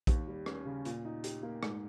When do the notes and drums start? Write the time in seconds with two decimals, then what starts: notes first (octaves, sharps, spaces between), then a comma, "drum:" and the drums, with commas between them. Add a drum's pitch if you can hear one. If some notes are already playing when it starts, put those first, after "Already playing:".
0.07 D#2, drum: kick, hi-hat
0.27 G3
0.46 C#4, drum: rim click
0.65 C#3
0.85 A#2, drum: hi-hat
1.05 D#4
1.24 G4, drum: hi-hat
1.43 A#3
1.63 G#2, drum: rim click